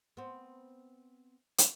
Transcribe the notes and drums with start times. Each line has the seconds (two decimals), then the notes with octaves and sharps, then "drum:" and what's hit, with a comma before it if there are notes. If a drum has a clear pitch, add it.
0.17 B3 C4
1.58 drum: hi-hat